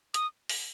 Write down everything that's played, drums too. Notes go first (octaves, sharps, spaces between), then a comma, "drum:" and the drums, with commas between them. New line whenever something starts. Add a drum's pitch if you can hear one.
D#6, drum: hi-hat
drum: open hi-hat